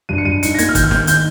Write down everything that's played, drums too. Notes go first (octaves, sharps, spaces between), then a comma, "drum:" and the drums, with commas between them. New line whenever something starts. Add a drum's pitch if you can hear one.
G2 D#7
C#7
G2 D#7
D#4 C#7, drum: hi-hat
A#6
A#3 G#6, drum: hi-hat
F6
D#3 G6, drum: kick, hi-hat
F6
D#3 G6, drum: snare
D#4 G6, drum: hi-hat